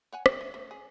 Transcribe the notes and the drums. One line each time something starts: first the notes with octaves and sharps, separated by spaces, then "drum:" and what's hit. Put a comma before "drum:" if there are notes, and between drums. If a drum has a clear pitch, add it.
C#5 F#5 G#5
D#4 G4, drum: rim click
A3
A3
G#4